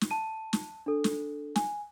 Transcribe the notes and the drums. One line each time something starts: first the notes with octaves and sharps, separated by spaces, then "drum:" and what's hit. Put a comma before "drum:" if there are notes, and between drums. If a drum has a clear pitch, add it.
drum: snare
A5 D#7
drum: snare
D4 A4
drum: snare
G#5, drum: snare